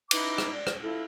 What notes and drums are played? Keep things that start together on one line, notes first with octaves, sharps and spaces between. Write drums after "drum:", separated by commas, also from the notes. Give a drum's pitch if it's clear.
D#4 E4 B4 D6, drum: cymbal
drum: rim click
D5
drum: rim click
E4 F4 A4